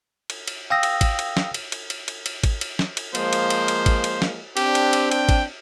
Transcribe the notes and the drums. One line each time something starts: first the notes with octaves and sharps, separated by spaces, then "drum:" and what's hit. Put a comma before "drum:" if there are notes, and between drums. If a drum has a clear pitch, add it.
drum: cymbal
drum: cymbal
F5 G5 D#6 E6 A#6
drum: cymbal
drum: kick G#1, cymbal
drum: cymbal
drum: snare
drum: cymbal
drum: cymbal
drum: cymbal
drum: cymbal
drum: cymbal
drum: kick G#1, cymbal
drum: cymbal
drum: snare
drum: cymbal
F3 G#3 A#3 C5, drum: cymbal
drum: cymbal
drum: cymbal
drum: cymbal
drum: kick G#1, cymbal
drum: cymbal
drum: snare
C4 D4 G4, drum: cymbal
drum: cymbal
drum: cymbal
G5, drum: cymbal
drum: kick G#1, cymbal